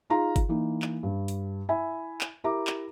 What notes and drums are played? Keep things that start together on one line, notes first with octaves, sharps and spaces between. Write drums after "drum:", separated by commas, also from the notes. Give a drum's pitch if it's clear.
D#4 F4 G#4 F5 A#5 C6
drum: kick G1, hi-hat
E3 A#3 D#4
drum: clap
G2
drum: hi-hat
E4 E5 G#5 B5
drum: clap
E4 G4 A#4 E5 A#5 D6
drum: clap